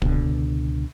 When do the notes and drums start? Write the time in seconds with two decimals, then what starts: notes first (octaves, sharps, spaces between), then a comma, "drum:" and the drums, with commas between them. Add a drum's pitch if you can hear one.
0.02 C#2 B2 D3, drum: kick